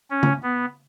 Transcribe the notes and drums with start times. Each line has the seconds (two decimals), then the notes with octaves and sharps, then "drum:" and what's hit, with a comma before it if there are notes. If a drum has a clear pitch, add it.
0.10 C#4
0.23 drum: tom C#3
0.43 B3